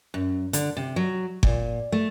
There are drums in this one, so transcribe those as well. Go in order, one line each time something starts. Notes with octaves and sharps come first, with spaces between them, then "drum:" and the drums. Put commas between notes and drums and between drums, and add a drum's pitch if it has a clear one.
F#2
D3, drum: hi-hat
C3
F#3
A#2, drum: kick G1
A3